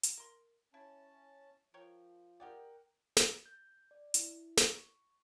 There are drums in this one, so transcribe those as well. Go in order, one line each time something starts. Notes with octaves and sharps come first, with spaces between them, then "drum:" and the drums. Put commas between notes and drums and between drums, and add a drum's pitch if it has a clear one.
drum: hi-hat
A#4 C6
C#4 E4 A5
F3 A#4 C#5 G5
G4 G#4 A#4 D5 F#5 G5
A6, drum: snare
G6
D5
E4, drum: hi-hat
C#6, drum: snare